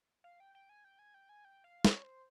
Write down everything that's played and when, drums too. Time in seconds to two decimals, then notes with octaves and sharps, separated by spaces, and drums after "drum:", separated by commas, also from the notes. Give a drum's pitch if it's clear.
0.24 F5
0.40 G5
0.55 G5
0.69 G#5
0.84 G5
0.99 G#5
1.14 G5
1.29 G#5
1.45 G5
1.64 F5
1.85 C#5, drum: snare
2.04 C5